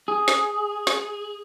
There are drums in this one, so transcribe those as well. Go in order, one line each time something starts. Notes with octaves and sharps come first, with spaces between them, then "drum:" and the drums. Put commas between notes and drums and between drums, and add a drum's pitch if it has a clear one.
G#4
drum: snare
drum: snare